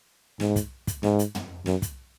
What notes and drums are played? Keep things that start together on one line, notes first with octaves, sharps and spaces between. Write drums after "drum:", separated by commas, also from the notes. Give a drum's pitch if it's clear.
G#2, drum: snare
drum: kick, hi-hat
drum: kick, hi-hat
G#2, drum: snare
drum: hi-hat
drum: tom
F#2, drum: snare
drum: kick, hi-hat